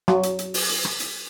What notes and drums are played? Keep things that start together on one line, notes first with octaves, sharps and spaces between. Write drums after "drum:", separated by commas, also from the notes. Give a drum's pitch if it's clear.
F#3, drum: rim click
drum: hi-hat
drum: hi-hat
drum: open hi-hat
drum: hi-hat
drum: rim click
drum: hi-hat